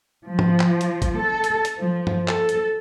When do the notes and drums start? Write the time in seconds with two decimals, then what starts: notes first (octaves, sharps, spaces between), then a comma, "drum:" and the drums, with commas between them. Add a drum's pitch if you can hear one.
0.26 F3
0.39 drum: tom
0.60 drum: clap
0.81 drum: hi-hat
1.02 drum: kick G#1, hi-hat
1.19 A4
1.44 drum: hi-hat
1.65 drum: hi-hat
1.80 F3
2.07 drum: tom G2
2.28 A4, drum: clap
2.49 drum: hi-hat